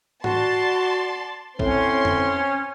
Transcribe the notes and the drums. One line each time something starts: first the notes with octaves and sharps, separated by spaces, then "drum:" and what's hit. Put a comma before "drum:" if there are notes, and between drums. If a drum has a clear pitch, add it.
F#4 D5 A5 C6, drum: tom G#2
A2 C4 C#4 C6, drum: kick A1
drum: tom F2